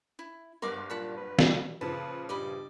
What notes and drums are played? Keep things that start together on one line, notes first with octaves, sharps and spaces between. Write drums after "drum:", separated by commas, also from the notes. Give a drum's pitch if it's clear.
E4
F#1 G2 B3 A#4 D5 C6 D6
A#2 F#5 A5 B5
B4
drum: snare
A#2 C#3 F3 B4 A5
G2 D5 D#5 B5